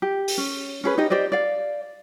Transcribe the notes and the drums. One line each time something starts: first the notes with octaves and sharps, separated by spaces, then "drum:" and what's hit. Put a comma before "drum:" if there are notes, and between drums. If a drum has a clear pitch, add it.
G4
drum: open hi-hat
C#4
C#4 G#4 B4
D#4 G4 D#5
G4 C5 D5 D#5
D5 F5